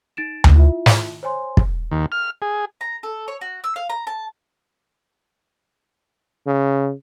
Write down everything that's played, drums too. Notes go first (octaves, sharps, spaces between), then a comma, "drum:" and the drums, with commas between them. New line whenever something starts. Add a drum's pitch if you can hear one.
D#4 A6 D7 E7
drum: tom D2
E4 F4 E5
drum: snare
C5 C#5 G#5 C6
drum: kick
D#2
F6
G#4
A#5
A4
C#5
F#4
E6
F5
A#5
A5
C#3